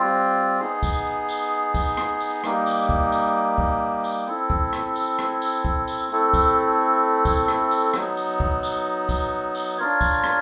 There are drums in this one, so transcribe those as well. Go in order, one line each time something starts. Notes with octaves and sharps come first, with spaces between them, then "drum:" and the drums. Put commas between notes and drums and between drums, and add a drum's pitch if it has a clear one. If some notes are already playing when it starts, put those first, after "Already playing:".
Already playing: G3 C4 F4
B3 D#4 G#4
drum: kick, tambourine
drum: tambourine
drum: kick, tambourine
drum: rim click
drum: tambourine
G3 A#3 D#4, drum: rim click
drum: tambourine
drum: kick
drum: tambourine
drum: kick
drum: tambourine
C4 E4 A4
drum: kick
drum: rim click
drum: tambourine
drum: rim click
drum: tambourine
drum: kick
drum: tambourine
A3 C4 E4 A4
drum: kick, tambourine
drum: kick, tambourine
drum: rim click
drum: tambourine
F#3 B3 D#4, drum: rim click
drum: tambourine
drum: kick
drum: tambourine
drum: kick, tambourine
drum: tambourine
D4 F4 A#4 C#5
drum: kick, tambourine
drum: rim click